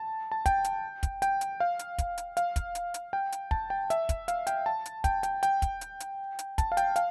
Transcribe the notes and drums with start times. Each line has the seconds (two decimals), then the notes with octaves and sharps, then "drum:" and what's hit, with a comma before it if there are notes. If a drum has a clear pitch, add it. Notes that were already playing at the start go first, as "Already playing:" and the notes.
Already playing: A5
0.32 A5
0.46 G5, drum: kick, hi-hat
0.64 drum: hi-hat
1.03 drum: kick, hi-hat
1.22 G5, drum: hi-hat
1.41 drum: hi-hat
1.60 F5
1.79 drum: hi-hat
1.98 drum: kick, hi-hat
2.18 drum: hi-hat
2.37 F5, drum: hi-hat
2.56 drum: kick, hi-hat
2.75 drum: hi-hat
2.94 drum: hi-hat
3.13 G5
3.32 drum: hi-hat
3.51 A5, drum: kick
3.70 G5
3.90 E5, drum: hi-hat
4.09 drum: kick, hi-hat
4.28 F5, drum: hi-hat
4.47 G5, drum: hi-hat
4.66 A5
4.86 drum: hi-hat
5.04 G5, drum: kick, hi-hat
5.23 G5, drum: hi-hat
5.43 G5, drum: hi-hat
5.62 drum: kick, hi-hat
5.81 drum: hi-hat
6.00 drum: hi-hat
6.39 drum: hi-hat
6.58 A5, drum: kick, hi-hat
6.72 F5
6.77 G5, drum: hi-hat
6.96 F5, drum: hi-hat